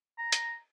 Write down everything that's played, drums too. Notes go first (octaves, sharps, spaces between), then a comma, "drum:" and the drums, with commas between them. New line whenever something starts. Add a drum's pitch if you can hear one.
A#5
drum: hi-hat